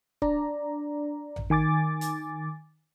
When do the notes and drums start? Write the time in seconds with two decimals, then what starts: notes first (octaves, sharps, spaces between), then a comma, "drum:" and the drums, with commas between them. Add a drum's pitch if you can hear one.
0.22 D4 D5 A#5, drum: kick C#1
1.36 drum: tom A1
1.50 D#3 G#5 D6 A6
2.01 drum: hi-hat